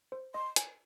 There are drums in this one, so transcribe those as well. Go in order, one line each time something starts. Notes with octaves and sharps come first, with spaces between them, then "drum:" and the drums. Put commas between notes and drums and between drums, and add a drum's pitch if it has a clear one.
C5
D#5 C6
G#5, drum: hi-hat